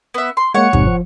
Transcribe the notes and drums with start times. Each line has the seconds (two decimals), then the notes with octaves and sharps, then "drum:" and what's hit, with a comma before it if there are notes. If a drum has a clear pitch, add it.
0.14 B3 E5
0.37 C6
0.54 G#3 A#3 C#5 F#5
0.73 F2 G#2 C3, drum: kick
0.87 F3